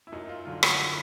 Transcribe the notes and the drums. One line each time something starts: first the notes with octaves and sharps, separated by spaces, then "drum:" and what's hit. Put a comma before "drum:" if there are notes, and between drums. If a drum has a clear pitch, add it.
E4
F#2 D#4
F4
D3 F#3 F4
F#4, drum: rim click
E4